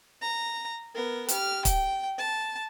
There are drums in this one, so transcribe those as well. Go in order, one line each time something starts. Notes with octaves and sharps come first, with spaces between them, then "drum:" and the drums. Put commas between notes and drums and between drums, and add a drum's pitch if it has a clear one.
A#5
B3 A#4
G4 F6, drum: hi-hat
G5, drum: kick, hi-hat
A5